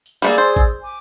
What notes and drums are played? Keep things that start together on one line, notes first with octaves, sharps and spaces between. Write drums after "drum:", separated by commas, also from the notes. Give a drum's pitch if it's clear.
drum: tambourine
G3 A3 A#3 G#4 D5 E6
C5
drum: kick A1, tambourine
G#5 D6